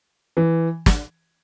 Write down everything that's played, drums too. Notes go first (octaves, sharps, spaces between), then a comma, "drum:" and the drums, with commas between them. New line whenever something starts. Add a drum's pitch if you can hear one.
E3
drum: snare